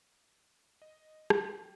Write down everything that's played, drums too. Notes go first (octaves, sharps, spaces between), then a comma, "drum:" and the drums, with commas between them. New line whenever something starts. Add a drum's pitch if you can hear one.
D#5
G5, drum: rim click